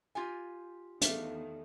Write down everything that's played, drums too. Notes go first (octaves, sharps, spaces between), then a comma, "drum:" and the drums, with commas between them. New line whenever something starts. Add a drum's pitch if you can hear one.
F4 G4 G#5
E2 D#3 A3 D4 F5, drum: hi-hat